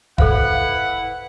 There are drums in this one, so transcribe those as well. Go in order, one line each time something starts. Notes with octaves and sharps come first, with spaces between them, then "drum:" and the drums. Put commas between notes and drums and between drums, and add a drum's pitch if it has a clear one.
E4 A4 B4 C5 F5 F#5, drum: kick F1